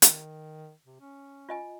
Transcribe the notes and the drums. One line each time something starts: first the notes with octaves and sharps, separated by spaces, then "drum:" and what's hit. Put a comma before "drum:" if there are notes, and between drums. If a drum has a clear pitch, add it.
D#3, drum: hi-hat
C3
C#4
F4 D#5 G#5